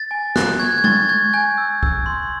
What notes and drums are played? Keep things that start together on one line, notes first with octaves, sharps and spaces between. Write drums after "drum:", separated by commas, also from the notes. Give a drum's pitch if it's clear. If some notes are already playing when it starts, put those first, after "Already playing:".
Already playing: A6
G#5
F#6, drum: snare
C#6 G#6
G#6
C#6 A6, drum: tom G#3
G6 G#6
G#5 G6
E6
E6, drum: kick
C6